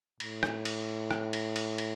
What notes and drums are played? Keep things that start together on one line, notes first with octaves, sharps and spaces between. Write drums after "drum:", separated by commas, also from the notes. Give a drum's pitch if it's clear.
A2, drum: cymbal
drum: rim click
drum: cymbal
drum: rim click
drum: cymbal
drum: cymbal
drum: cymbal